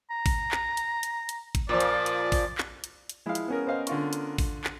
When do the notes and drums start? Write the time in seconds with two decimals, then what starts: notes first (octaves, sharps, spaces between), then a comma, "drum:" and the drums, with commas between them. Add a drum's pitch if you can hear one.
0.11 A#5
0.26 drum: kick G#1, open hi-hat
0.51 drum: clap
0.77 drum: hi-hat
1.03 drum: hi-hat
1.29 drum: hi-hat
1.55 drum: kick G#1, hi-hat
1.69 A#2 F3 D5
1.80 drum: hi-hat
2.06 drum: hi-hat
2.32 drum: kick G#1, open hi-hat
2.58 drum: clap
2.84 drum: hi-hat
3.09 drum: hi-hat
3.26 F3 G#3 E4 F5
3.35 drum: hi-hat
3.48 B3 C#4 A#4
3.67 C5 D#5 F5
3.87 D3 F4 C#6, drum: hi-hat
4.13 drum: hi-hat
4.38 drum: kick G#1, open hi-hat
4.64 drum: clap